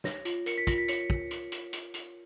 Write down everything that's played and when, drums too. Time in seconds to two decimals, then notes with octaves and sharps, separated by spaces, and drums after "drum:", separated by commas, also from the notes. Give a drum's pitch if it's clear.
0.04 C#5 A#6, drum: snare
0.25 F4, drum: hi-hat
0.46 A#4 C#7, drum: hi-hat
0.58 B6
0.67 F4 A#6, drum: kick, hi-hat
0.78 B6
0.88 C#5 C#7, drum: hi-hat
1.10 drum: kick
1.31 drum: hi-hat
1.52 drum: hi-hat
1.73 drum: hi-hat
1.94 drum: hi-hat